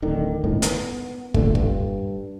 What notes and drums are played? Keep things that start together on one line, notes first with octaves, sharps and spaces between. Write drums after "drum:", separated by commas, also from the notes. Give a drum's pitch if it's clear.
D1 D3 D#3
G1 C#2 A2 D#3
B3, drum: hi-hat
A#2 D3 A3, drum: kick
G2, drum: kick